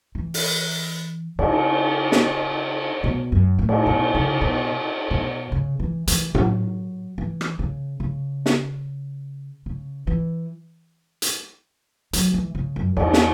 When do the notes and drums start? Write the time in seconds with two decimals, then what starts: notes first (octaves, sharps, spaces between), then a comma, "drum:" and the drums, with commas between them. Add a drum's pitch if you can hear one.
0.15 E3
0.34 drum: open hi-hat
1.39 C#3, drum: cymbal
2.12 drum: snare
3.04 B2
3.32 F#2
3.59 A2
3.69 drum: cymbal
3.86 B2
4.15 C#3
4.41 B2
5.11 B2
5.52 C#3
5.80 E3
6.07 E3, drum: hi-hat
6.35 F#3, drum: tom A2
7.18 E3
7.41 drum: rim click
7.59 C#3
8.00 C#3
8.46 drum: snare
9.66 C#3
10.07 E3
11.22 drum: hi-hat
12.13 F#3, drum: hi-hat
12.34 E3
12.55 C#3
12.76 F#2
12.97 E2, drum: cymbal
13.13 drum: snare